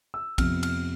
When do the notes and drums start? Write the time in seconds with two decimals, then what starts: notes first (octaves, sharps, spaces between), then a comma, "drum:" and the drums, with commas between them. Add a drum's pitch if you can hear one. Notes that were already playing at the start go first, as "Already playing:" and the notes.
0.14 E6
0.38 F2 C3 F3 B3 F6, drum: kick A#1, cymbal
0.63 F6, drum: cymbal